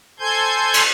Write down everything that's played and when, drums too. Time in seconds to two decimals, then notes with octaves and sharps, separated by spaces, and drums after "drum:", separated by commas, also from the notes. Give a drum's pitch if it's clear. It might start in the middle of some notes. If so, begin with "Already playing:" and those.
0.20 A4 C5 G#5 C6 G6 G#6
0.74 drum: cymbal